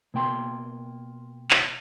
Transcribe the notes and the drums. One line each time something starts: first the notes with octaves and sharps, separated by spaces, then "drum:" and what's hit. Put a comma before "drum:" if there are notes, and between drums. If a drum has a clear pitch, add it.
B2 A#3 G5 C6
drum: clap